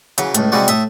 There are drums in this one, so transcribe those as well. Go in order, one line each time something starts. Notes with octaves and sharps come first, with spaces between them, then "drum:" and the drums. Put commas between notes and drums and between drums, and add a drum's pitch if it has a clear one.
C#3 E3 F#3, drum: hi-hat
C#2 A2, drum: hi-hat
C3 E3 G3 G#3 F#4 D5
A2 E5 D#6, drum: hi-hat